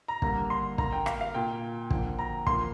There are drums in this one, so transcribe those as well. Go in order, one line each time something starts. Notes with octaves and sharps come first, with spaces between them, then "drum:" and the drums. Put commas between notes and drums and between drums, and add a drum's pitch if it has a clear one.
A#5
D3 G3 A#3 A#5, drum: kick
C6
D3 A#3 A#5, drum: kick
G5
F5, drum: rim click
F5
A#2 A#3 G5
D3 F3 A#3, drum: kick
A#5
A#2 F3 A#3 C6, drum: kick